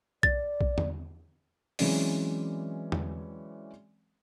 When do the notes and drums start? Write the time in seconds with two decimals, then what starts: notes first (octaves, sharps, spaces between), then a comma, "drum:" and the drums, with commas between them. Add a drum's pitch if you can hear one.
0.23 D5 A6, drum: kick B1
0.61 drum: kick B1
0.78 drum: tom E2
1.79 E3 F#3 G#3 C4 C#4 D5, drum: open hi-hat
2.92 drum: tom E2